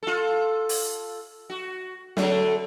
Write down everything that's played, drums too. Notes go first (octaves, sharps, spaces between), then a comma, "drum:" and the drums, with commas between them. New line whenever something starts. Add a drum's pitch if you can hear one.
F4 A4
drum: open hi-hat
F#4
D3 F#3 A3, drum: snare